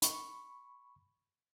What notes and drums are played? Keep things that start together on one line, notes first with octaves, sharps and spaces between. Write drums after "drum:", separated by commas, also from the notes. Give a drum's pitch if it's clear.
B5 C#6, drum: hi-hat